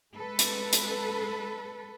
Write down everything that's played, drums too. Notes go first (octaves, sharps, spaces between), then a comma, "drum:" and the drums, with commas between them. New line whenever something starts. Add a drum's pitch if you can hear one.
G#3 A4 B4
drum: hi-hat
drum: hi-hat